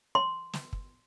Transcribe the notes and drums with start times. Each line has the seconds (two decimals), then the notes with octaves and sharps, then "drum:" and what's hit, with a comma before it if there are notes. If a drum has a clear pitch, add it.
0.15 C6
0.53 drum: snare
0.73 drum: kick